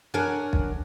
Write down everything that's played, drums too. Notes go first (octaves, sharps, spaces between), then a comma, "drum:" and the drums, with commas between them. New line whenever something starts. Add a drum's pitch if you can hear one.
D4 A#4 C#5 F#5 G#5
drum: kick